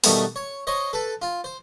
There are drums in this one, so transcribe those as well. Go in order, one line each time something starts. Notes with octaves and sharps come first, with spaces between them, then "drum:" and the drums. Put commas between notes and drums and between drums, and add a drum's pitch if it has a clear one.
B2 D#3 G3 A3 B3, drum: open hi-hat
C#5
C5 C#5 D#5
A4 B4
F4
C5